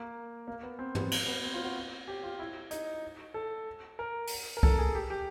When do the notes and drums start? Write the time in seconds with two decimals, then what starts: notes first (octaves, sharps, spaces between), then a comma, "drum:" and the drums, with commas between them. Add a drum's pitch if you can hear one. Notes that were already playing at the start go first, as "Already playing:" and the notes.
Already playing: A#3
0.48 A#3
0.63 B3
0.79 C4
0.95 B3, drum: tom
1.12 A#3, drum: cymbal
1.27 B3
1.43 C4
1.54 F4
1.64 F#4
2.08 G4
2.24 F4
2.39 E4
2.71 D#4, drum: hi-hat
3.34 A4
3.99 A#4
4.27 drum: open hi-hat
4.57 A#4
4.63 A4, drum: kick
4.78 G#4
4.95 G4
5.10 G4